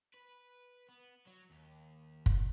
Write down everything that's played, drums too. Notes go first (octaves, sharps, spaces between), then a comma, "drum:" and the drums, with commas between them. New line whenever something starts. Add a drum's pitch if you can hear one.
B4
B3
F#3
D#2
drum: kick